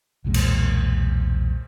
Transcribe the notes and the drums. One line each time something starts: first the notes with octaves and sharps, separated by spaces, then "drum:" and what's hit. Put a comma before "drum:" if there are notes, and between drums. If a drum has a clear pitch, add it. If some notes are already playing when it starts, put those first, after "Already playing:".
B1 E2 A#2 G#3
drum: cymbal